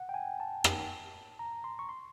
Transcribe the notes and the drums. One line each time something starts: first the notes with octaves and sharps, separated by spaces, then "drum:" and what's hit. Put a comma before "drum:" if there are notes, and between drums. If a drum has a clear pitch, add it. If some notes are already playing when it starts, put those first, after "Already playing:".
Already playing: F#5
G5
G#5
A5
drum: rim click
A#5
C6
C#6
C6